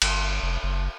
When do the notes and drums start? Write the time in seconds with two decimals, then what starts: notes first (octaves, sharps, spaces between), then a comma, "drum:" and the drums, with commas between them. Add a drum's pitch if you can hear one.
0.02 G1, drum: cymbal
0.42 F1
0.63 F#1